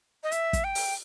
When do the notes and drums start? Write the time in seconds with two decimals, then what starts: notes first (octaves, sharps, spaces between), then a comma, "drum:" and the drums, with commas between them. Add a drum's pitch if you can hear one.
0.23 D#5
0.32 E5, drum: hi-hat
0.53 drum: kick, hi-hat
0.64 G5
0.75 drum: open hi-hat